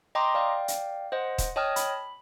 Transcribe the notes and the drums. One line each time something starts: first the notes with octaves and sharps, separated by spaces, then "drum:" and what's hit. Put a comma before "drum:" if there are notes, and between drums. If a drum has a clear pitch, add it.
D#5 G5 A#5 C6 D6 D#6
D5 F5 G5
drum: hi-hat
C5 D#5 F#5
drum: kick D#1, hi-hat
C#5 D#5 G5 A5 D#6 F6
B5, drum: hi-hat